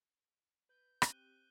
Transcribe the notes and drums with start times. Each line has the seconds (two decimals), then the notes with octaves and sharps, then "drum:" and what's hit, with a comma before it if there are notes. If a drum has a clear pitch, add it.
0.69 B4 G6
1.02 C4 G4 F#6 D#7 G7, drum: rim click